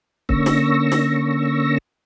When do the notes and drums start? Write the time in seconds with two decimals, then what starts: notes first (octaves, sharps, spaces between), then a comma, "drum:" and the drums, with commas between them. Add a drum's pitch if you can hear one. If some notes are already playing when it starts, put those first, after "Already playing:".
0.29 D3 A#3 C#4 C#6 E6 A#6, drum: kick C#1
0.46 drum: snare
0.92 drum: snare